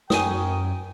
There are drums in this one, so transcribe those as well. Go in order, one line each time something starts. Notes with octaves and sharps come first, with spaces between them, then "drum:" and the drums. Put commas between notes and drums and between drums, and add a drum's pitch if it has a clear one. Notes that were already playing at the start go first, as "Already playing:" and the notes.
F#2 A#4 C#5 G5 G#5 D#6, drum: snare